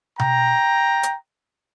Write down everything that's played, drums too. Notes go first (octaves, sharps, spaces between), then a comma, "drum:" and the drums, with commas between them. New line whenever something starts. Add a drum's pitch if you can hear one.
G5 A#5, drum: tom B2
drum: hi-hat